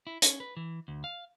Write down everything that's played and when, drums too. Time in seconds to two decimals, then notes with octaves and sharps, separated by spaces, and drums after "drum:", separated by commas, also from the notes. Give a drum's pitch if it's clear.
0.07 E4
0.22 C#4, drum: hi-hat
0.40 B4
0.57 E3
0.88 D2
1.04 F5